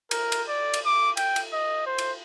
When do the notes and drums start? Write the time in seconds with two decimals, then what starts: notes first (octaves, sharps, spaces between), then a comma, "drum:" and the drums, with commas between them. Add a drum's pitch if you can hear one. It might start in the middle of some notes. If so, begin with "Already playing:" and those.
0.11 A#4, drum: cymbal
0.32 drum: cymbal
0.48 D5
0.74 drum: cymbal
0.86 D6
1.17 G5, drum: cymbal
1.36 drum: cymbal
1.53 D#5
1.86 C5
1.98 drum: cymbal